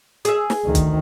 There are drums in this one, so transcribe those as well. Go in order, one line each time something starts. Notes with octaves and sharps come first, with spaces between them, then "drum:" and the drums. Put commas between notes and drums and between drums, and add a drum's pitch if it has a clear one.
G#4 E5, drum: hi-hat
drum: snare
D2 D#3
drum: kick, hi-hat